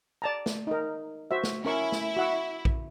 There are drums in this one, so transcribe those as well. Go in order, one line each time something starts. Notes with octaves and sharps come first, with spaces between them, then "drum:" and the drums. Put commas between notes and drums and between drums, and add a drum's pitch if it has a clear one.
D5 A5 A#5
drum: snare
D#4 A#4
F#4 C5 E5
drum: snare
C#4 E4 A#4 C#6
drum: snare
F#4 F#5 E6
drum: kick A#1